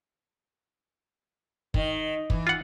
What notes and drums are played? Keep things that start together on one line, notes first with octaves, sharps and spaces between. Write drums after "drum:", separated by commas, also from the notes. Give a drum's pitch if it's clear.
D#3, drum: kick
E3, drum: kick
F4 F#5